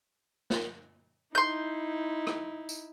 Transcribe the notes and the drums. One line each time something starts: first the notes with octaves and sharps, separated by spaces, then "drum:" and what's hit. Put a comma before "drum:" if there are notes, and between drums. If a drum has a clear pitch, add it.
drum: snare
D#4 E4 C6 G6
drum: rim click
drum: tambourine